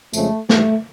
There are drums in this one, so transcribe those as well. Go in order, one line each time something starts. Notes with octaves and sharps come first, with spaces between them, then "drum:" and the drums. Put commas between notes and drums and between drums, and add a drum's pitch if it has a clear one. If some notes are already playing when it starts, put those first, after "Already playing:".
F2 C#3 F3 G#3 A3, drum: tambourine
G#2 E3 G3 A3, drum: snare